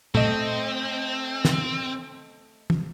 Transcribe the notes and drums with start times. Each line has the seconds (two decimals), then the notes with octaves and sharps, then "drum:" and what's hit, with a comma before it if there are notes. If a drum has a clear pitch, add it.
0.15 A3 C4 D#5, drum: tom A#2
1.45 drum: snare
2.70 drum: tom